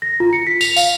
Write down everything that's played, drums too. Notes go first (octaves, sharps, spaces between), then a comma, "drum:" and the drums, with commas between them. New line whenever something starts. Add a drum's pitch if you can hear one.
A#6
F4
C#7
B6
F7, drum: tambourine
F5, drum: tambourine